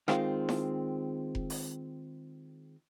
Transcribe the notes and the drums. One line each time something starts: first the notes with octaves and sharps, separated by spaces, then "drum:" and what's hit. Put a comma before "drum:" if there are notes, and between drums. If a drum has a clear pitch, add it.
D#3 G#3 C4 F4, drum: rim click
drum: snare E4
drum: kick F1
drum: open hi-hat